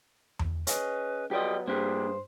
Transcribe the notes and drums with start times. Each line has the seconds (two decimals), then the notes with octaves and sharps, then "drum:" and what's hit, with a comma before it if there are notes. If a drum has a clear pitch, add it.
0.39 drum: tom E2
0.67 C#4 G#4 B4 D#5, drum: hi-hat
1.31 F#3 B3 F4 G4 D5 D#5 G5
1.68 G2 A#3 D4 G4 G#4 C5